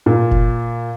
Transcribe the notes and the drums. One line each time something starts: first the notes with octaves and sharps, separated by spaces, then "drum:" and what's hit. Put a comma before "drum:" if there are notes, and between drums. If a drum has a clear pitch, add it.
A#2
drum: kick F1